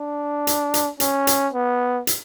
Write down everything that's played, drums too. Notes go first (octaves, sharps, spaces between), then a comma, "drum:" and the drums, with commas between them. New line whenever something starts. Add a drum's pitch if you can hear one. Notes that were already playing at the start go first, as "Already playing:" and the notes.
Already playing: D4
drum: hi-hat
drum: hi-hat
C#4, drum: hi-hat
drum: hi-hat
B3
drum: hi-hat